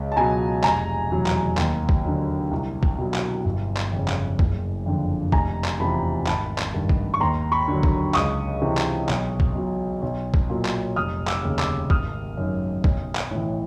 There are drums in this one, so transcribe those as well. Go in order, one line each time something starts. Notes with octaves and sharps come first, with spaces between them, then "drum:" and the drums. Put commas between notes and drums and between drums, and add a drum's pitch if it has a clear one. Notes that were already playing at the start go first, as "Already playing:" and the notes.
Already playing: C#2
A5
B2 F#3 G#5 A#5
F1 G#5 A#5, drum: clap
E2 B2 F#3
drum: clap
D#2, drum: clap
drum: kick
D3 F#3
C2
drum: kick
B2 F#3
drum: clap
G1
drum: clap
F2 C#3
drum: clap
F#1, drum: kick
F2 D3 F3
F1 G#5 A#5, drum: kick
drum: clap
E2 C3 F3 A5 B5
G#1 A5 B5, drum: clap
drum: clap
G2 D#3
drum: kick
C#6
D#2 A#5 C6
B5 C#6
D3 F#3
drum: kick
C#2 C#6 D#6, drum: clap
C3 E3
drum: clap
B1, drum: clap
drum: kick
B2 F#3
B1
drum: kick
A#2 F#3
drum: clap
F1 D#6 F6
D6 E6, drum: clap
D#2 C#3
D6 E6, drum: clap
G#1 D#6 F6, drum: kick
F#2 D#3
B1, drum: kick
drum: clap
A2 E3